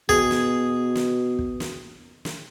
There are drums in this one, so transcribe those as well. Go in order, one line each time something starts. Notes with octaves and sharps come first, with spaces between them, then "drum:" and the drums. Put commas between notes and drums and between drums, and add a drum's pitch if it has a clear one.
B2 G#4, drum: kick
drum: snare
drum: snare
drum: kick
drum: snare
drum: snare